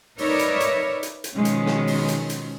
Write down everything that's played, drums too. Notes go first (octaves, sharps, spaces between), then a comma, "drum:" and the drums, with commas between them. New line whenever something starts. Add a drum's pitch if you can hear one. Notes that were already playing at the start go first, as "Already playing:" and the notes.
D#4 A#4 B4 C#5 D5 E5, drum: open hi-hat
drum: hi-hat
drum: hi-hat
drum: hi-hat
drum: hi-hat
B2 D#3 F3 G#3 C#4
drum: hi-hat
drum: snare
drum: open hi-hat
drum: hi-hat
drum: hi-hat